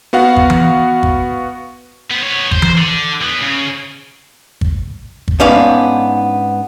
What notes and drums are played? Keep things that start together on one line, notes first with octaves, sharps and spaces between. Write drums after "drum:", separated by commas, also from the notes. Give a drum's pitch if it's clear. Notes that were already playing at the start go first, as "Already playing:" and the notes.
B3 F#4 F5 F#5
drum: kick
drum: tom E3
drum: kick
B3 C5
B3 C#5
C5, drum: kick
drum: tom E3
D3
E2 B3
C#3
drum: kick
drum: kick
G#2 B3 C#4 D4 F5